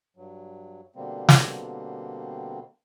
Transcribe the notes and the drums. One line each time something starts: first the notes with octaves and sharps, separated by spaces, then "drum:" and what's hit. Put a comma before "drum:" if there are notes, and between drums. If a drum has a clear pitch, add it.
G2 F#3
B2 D3 G3 A#3 C4
drum: snare